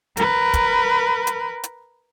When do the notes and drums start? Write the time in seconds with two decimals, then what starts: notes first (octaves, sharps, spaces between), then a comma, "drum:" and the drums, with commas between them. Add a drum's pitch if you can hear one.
0.17 A#4 B4, drum: hi-hat
0.54 drum: kick, hi-hat
1.27 drum: hi-hat
1.64 drum: hi-hat